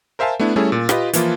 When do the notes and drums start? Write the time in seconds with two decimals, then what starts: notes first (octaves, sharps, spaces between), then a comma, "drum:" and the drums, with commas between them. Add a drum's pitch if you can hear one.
0.19 A#4 C5 E5 F5 G#5 A5
0.40 A3 B3 D4 E4
0.56 G3 A3 C#4 E4 G#4 A4
0.72 A#2
0.89 F4 G4 B4 D#5, drum: rim click
1.13 E3 F3 A#3 E4 F4, drum: hi-hat